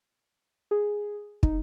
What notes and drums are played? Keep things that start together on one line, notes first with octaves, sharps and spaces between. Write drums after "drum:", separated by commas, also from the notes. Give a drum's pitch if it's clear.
G#4
D#4, drum: kick